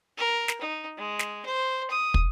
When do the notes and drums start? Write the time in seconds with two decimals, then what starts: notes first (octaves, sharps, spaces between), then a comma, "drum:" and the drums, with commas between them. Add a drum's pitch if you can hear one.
0.18 A#4
0.48 drum: snare
0.61 D#4
0.97 G#3
1.19 drum: snare
1.45 C5
1.91 D#6
2.14 drum: kick